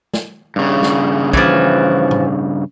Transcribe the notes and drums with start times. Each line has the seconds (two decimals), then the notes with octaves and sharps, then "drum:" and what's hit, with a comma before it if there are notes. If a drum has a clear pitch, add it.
0.14 drum: snare
0.56 G2 C#3
0.83 drum: snare
1.33 E3 F3, drum: kick
2.11 drum: tom A2